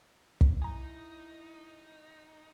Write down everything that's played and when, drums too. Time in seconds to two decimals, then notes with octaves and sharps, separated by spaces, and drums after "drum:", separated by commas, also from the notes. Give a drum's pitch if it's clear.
0.41 drum: kick
0.62 D#4 E4 G#5 A#5